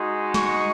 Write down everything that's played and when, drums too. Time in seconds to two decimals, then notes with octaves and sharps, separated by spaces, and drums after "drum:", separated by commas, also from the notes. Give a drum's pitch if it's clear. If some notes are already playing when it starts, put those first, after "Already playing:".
Already playing: G#3 D#4 F#4
0.34 C#6, drum: snare